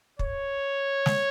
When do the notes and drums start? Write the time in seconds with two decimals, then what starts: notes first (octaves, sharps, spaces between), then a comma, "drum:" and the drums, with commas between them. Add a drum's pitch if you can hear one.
0.19 C#5, drum: kick
1.06 drum: snare